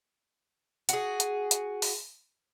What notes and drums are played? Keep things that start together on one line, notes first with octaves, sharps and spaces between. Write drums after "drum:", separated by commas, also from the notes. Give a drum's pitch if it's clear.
F#4 G#4, drum: hi-hat
drum: hi-hat
drum: hi-hat
drum: open hi-hat